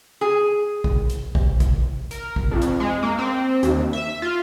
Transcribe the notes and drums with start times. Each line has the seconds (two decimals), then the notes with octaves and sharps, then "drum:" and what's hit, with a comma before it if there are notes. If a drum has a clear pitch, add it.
0.21 G#4
0.84 drum: kick G#1
1.10 drum: hi-hat
1.35 drum: kick G#1
1.60 drum: kick G#1, hi-hat
2.11 A#4, drum: hi-hat
2.36 drum: kick G#1
2.51 F2
2.62 drum: hi-hat
2.80 G#3
3.03 A#3
3.19 C4
3.63 D#2, drum: hi-hat
3.93 E5
4.22 F4